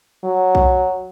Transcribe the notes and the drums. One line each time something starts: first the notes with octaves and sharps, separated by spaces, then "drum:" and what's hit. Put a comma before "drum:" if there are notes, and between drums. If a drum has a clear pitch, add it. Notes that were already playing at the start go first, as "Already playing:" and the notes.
F#3
drum: kick B1